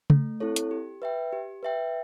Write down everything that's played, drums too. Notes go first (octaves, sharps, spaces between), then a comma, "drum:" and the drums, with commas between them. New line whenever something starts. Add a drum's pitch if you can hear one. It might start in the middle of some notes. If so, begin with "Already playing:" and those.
A3, drum: tom C#3
C4 E4 A4 C#5
drum: hi-hat
G4
B4 E5 G5
G4
B4 E5 G5